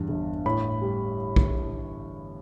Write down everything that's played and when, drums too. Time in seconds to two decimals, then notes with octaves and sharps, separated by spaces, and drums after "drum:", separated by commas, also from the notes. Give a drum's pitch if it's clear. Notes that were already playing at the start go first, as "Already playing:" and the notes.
Already playing: E2 G2
0.09 G1
0.46 A2 B5
0.81 G3
1.36 drum: kick A#1